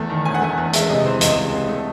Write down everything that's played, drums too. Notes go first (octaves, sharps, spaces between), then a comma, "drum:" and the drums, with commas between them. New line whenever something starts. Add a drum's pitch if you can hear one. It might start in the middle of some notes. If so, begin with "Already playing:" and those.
Already playing: E2 A3
D#3
E1 G#5
F#5
A3 G#5
E2
G#3 E5, drum: hi-hat
C3 D#5
E3 C5
C#2 D#5, drum: hi-hat
G#3
C3
A3